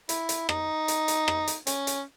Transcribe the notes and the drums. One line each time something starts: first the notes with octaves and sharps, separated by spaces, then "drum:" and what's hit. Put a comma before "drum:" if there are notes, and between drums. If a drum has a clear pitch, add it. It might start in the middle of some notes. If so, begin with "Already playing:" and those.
E4, drum: hi-hat
drum: hi-hat
D#4, drum: rim click
drum: hi-hat
drum: hi-hat
drum: rim click
drum: hi-hat
C#4, drum: hi-hat
drum: hi-hat